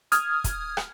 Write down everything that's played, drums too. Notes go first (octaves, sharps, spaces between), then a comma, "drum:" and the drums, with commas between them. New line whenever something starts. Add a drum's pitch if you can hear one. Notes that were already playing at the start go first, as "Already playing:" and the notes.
D#6 F6 G#6, drum: hi-hat
drum: kick, hi-hat
drum: rim click